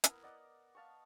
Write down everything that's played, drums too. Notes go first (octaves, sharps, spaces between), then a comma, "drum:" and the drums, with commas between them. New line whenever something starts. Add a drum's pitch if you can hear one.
B3 E4 A#4, drum: hi-hat
D5 D#5 F#5 D6
F5 A5 B5 C#6